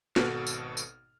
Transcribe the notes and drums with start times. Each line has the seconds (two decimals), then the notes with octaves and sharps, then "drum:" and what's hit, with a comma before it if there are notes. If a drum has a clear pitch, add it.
0.16 G#1 B2 F#4 A4 F6, drum: snare
0.47 drum: tambourine
0.77 drum: tambourine